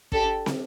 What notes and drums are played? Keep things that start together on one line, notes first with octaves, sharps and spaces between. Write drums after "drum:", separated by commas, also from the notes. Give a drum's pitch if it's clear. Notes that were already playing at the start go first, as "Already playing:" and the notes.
D4 G4 A4, drum: kick
drum: snare